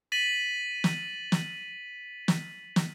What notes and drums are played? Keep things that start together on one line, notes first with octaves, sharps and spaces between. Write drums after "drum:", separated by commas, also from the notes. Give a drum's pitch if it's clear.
A6 B6 D#7 F#7
drum: snare
drum: snare
drum: snare
drum: snare